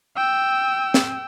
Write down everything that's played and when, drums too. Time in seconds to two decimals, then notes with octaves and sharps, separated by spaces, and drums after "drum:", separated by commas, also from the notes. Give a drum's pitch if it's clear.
0.16 G5 E6
0.94 drum: snare